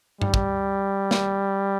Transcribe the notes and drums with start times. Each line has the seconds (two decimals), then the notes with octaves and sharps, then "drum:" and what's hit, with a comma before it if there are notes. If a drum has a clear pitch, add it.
0.22 G3, drum: tom G2
0.34 drum: kick
1.11 drum: snare